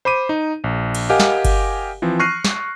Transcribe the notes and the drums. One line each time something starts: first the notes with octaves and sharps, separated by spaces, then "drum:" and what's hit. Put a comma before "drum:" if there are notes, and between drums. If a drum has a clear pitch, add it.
C5 B5 D6 D#7
D#4
A#1
drum: cymbal
G4 A#4 D#5 F5 F#5 G#5
drum: snare
drum: kick G1, cymbal
E3 F3 C4
C#6 F6 F#6 A#6 C7 D#7
drum: snare